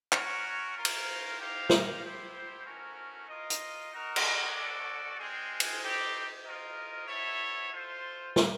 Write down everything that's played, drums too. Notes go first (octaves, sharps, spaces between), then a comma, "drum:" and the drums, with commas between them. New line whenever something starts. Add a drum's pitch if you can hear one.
C#4 F#4 A#4 C#5, drum: clap
C#4 F4 A#4
drum: cymbal
D#4 G4 C5 F5
drum: snare
E4 G4 C5
A3 C#4 F#4 A#4
F4 A#4 D#5
drum: hi-hat
D#4 F#4 A#4 D#5
drum: cymbal
C#4 F#4 A4 D5
G#3 C4 F4 G#4
drum: cymbal
C4 D#4 G4
F4 A#4 D#5
B3 E4 A4 C#5 E5
F4 A4 C5
drum: snare